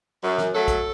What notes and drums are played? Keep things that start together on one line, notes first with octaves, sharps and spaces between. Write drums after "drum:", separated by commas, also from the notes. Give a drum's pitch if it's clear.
F#2
drum: snare
F#3 A3 A4
drum: kick, hi-hat